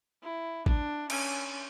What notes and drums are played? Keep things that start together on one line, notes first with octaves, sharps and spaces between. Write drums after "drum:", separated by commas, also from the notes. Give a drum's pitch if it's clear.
E4
D4, drum: kick A1
C#4, drum: cymbal